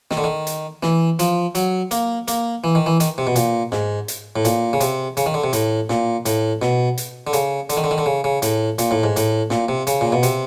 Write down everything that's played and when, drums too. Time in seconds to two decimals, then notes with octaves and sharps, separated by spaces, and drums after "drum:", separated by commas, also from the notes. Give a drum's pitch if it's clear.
0.11 D#3, drum: snare
0.17 D3
0.24 D#3
0.47 drum: hi-hat
0.83 E3, drum: snare
1.19 F3, drum: hi-hat
1.55 F#3, drum: hi-hat
1.91 A#3, drum: hi-hat
2.28 A#3, drum: hi-hat
2.64 E3
2.75 D#3
2.86 E3
3.00 D#3, drum: hi-hat
3.18 C3
3.27 B2
3.36 A#2, drum: hi-hat
3.72 G#2, drum: snare
4.08 drum: hi-hat
4.36 A2
4.45 A#2, drum: hi-hat
4.73 C#3
4.81 C3, drum: hi-hat
5.17 C#3, drum: hi-hat
5.26 D#3
5.34 D3
5.44 C3
5.53 A2, drum: hi-hat
5.90 A#2, drum: snare
6.26 A2, drum: hi-hat
6.62 B2, drum: snare
6.98 drum: hi-hat
7.27 D3
7.33 C#3, drum: hi-hat
7.70 D3, drum: hi-hat
7.77 D#3
7.84 D3
7.91 D#3
7.98 D3
8.06 C#3
8.24 C#3
8.42 A2, drum: hi-hat
8.78 A#2, drum: hi-hat
8.91 A2
9.04 G#2
9.16 A2, drum: hi-hat
9.50 A#2, drum: snare
9.68 C3
9.87 C#3, drum: hi-hat
10.01 A#2
10.12 B2
10.23 C3, drum: hi-hat